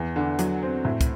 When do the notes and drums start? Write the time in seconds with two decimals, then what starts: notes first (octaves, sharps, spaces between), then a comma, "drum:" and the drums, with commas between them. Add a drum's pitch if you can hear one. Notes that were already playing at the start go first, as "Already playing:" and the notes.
Already playing: E2
0.16 D3
0.39 F#3, drum: hi-hat
0.63 C4
0.85 A2
1.01 drum: kick, hi-hat